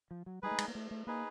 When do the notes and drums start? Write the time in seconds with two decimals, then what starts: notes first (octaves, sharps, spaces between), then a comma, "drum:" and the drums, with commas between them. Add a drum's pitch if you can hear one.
0.11 F3
0.26 F#3
0.42 G3 D#4 G#4 B4
0.51 A3
0.58 G#3, drum: cymbal
0.68 A#3
0.75 A3
0.91 A3
1.07 A#3 D#4 G#4 B4